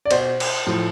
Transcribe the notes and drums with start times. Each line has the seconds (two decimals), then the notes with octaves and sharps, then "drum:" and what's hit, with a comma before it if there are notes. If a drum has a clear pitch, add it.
0.05 D5
0.11 B2 C5, drum: cymbal
0.40 drum: cymbal
0.66 A2 F3